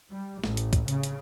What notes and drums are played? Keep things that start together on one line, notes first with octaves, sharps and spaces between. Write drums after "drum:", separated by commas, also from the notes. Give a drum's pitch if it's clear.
G3
A1, drum: snare
drum: hi-hat
drum: kick, hi-hat
C#3, drum: hi-hat
drum: hi-hat